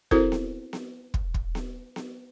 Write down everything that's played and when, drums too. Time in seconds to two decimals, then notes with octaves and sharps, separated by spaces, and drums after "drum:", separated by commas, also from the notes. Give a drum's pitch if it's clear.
0.11 C4 E4 F#4 A4 A#4 C5, drum: kick
0.32 drum: snare B3
0.73 drum: snare B3
1.14 drum: kick
1.34 drum: kick
1.55 drum: snare B3
1.96 drum: snare B3